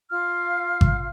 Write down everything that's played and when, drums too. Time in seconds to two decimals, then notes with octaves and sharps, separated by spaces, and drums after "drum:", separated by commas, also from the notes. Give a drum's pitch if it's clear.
0.10 F4 F5 F6
0.81 drum: kick G#1